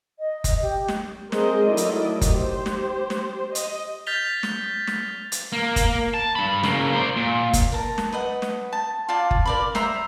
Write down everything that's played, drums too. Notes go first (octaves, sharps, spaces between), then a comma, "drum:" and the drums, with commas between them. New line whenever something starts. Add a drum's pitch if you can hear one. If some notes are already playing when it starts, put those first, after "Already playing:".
D#5
drum: kick F#1, hi-hat
G4
drum: snare
G#3 C4 G#4 A#4 C5 D#5, drum: snare
D#3 F#3 A3 E4 D5 D#5
drum: hi-hat
drum: kick F#1, hi-hat
G4 C5
drum: snare
drum: snare
D#5, drum: hi-hat
F6 G6 A6 B6 F7 G7
drum: snare
drum: snare
drum: hi-hat
A#3
drum: kick F#1, hi-hat
A5
G2 B5
C#3 A#3, drum: snare
C5 D5
A#2
drum: kick F#1, hi-hat
A#4 A5
drum: snare
B4 D#5 F#5
drum: snare
A5
F4 D5 A5
drum: kick F#1
A#4 D5 B5
C5 E5 A#5, drum: snare